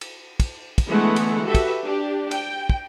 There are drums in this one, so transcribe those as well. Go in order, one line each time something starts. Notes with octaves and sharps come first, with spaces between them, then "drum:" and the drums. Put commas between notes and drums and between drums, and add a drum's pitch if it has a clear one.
drum: cymbal
drum: kick, cymbal
drum: kick, cymbal
D3 E3 G#3 A3 B3 F#5
drum: cymbal
F#4 G4 A4 B4 E5
drum: kick, cymbal
D4 G4
G5, drum: cymbal
drum: kick